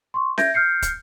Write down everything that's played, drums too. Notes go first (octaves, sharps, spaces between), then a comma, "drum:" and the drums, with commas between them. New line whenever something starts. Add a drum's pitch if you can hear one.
C6 C#6
E5 G6 G#6 A#6 D7, drum: snare C#4
F6 G6 C7 C#7
drum: kick, hi-hat